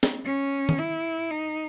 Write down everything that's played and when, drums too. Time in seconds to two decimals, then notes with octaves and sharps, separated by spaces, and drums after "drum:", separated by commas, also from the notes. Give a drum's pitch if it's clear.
0.03 drum: snare
0.25 C#4
0.69 drum: tom
0.78 E4
1.30 D#4